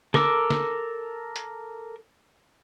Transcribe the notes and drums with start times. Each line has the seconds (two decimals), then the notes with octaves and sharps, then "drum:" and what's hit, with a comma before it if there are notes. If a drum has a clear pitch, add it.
0.14 A4 A#4 D6 E6, drum: snare
0.50 drum: snare
1.36 drum: hi-hat